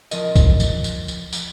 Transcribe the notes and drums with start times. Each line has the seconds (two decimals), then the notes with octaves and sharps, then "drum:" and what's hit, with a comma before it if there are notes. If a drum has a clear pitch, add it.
0.11 F3 A#4 D#5, drum: tambourine
0.36 drum: kick, tambourine
0.60 drum: tambourine
0.84 drum: tambourine
1.08 drum: tambourine
1.33 drum: tambourine